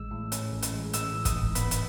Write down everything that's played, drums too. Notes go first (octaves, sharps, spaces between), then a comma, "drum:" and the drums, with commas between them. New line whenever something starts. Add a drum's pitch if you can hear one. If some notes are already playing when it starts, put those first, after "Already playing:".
Already playing: A1 G#3 E6
A2
C#4, drum: hi-hat
A1
drum: hi-hat
G#3
A1 E6, drum: hi-hat
E3
D#6, drum: kick, hi-hat
G#2
B3 B5, drum: hi-hat
drum: hi-hat